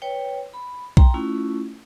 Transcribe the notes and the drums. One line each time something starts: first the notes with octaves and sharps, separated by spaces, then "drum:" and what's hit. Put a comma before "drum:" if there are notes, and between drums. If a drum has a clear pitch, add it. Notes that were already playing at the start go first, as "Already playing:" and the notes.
B4 C#5 G5
B5
G5 A#5 C6, drum: kick B1
A3 C#4 E4 F4